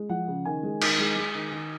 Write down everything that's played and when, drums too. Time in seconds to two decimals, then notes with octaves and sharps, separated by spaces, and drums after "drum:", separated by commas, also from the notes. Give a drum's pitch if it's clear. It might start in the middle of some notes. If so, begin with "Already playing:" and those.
Already playing: G#3
0.09 F3 F#5
0.28 C#3
0.45 D#3 G#5
0.63 G#3
0.82 D#3, drum: cymbal
0.98 G#3
1.16 G#3
1.35 D#3
1.51 D#3